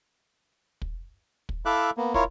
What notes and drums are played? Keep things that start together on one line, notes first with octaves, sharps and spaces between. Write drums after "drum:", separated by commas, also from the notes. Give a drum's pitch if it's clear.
drum: kick
drum: kick
E4 A4 E5 F5 D6 F#6
A#3 B3
E4 F4 A#4 C#5 F5, drum: kick